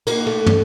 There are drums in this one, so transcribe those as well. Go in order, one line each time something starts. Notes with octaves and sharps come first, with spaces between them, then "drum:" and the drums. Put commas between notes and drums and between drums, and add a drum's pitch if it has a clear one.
A#3, drum: cymbal
A3
drum: tom